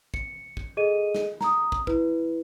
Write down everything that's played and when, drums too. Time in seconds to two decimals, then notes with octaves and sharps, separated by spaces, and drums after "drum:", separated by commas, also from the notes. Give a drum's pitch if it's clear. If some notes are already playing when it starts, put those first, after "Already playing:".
0.14 C#7, drum: kick
0.57 drum: kick
0.77 G#4 A4 D#5 D#7
1.15 drum: snare
1.41 A#5 D#6, drum: snare
1.72 drum: kick
1.87 E4 B4, drum: kick